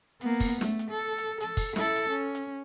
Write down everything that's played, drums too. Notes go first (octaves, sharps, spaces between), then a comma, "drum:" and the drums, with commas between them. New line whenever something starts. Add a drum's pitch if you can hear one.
A#3 B3, drum: hi-hat
drum: kick, open hi-hat
A3, drum: snare
drum: hi-hat
A4
drum: hi-hat
A4, drum: hi-hat
drum: kick, open hi-hat
E4 A4, drum: snare
drum: hi-hat
C#4
drum: hi-hat